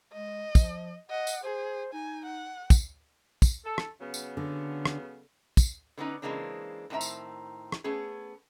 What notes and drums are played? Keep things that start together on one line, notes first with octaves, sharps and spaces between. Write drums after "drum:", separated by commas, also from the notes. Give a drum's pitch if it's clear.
G#3 D#5
F3, drum: kick, tambourine
D#5 F#5
drum: tambourine
G#4 C5
D#4 G#5
F#5
drum: kick, tambourine
drum: kick, tambourine
A4
drum: rim click
C#3 F#3 B3
drum: tambourine
D3
drum: rim click
drum: kick, tambourine
D3 B3 C#4 D#4 B4
C#3 E3 G#3 A#3 C4 D4
A2 D#3 C4 D4 E5 A#5
drum: tambourine
drum: rim click
A3 B3 C#4 G#4